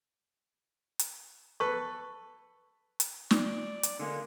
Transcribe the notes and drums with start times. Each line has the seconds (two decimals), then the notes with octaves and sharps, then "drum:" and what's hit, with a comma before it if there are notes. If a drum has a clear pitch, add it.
0.99 drum: hi-hat
1.60 A4 B4 C#6
3.00 drum: hi-hat
3.31 D5, drum: snare
3.83 drum: hi-hat
4.00 D3 G#3 A#3